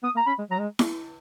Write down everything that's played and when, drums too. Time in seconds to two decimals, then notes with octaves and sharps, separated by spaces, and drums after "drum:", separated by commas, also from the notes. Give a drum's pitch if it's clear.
0.03 B3 D#6
0.15 A#3 A#5
0.26 C#4 B5
0.38 G#3
0.50 F#3 A#5
0.59 G#3
0.79 drum: snare E4